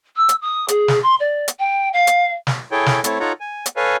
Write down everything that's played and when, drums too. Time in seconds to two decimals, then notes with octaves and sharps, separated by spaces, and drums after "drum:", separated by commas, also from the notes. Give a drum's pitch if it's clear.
0.16 E6
0.29 drum: hi-hat
0.41 D#6
0.68 G#4, drum: hi-hat
0.88 drum: snare
1.02 C6
1.19 D5
1.48 drum: hi-hat
1.59 G5
1.93 F5
2.07 drum: hi-hat
2.47 drum: snare
2.72 E4 G#4 A4 C#5 G5
2.86 drum: snare
3.04 A3 C4 E4 A4 C#5, drum: hi-hat
3.20 D#4 F4 A4 C#5 F#5 A#5
3.40 G#5
3.66 drum: hi-hat
3.76 A4 B4 C#5 F5 G#5